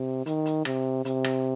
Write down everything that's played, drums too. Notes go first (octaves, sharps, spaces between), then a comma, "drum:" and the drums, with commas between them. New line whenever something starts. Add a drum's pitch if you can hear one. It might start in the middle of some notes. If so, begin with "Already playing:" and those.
Already playing: C3
D#3, drum: hi-hat
drum: hi-hat
C3, drum: rim click
C3, drum: hi-hat
drum: rim click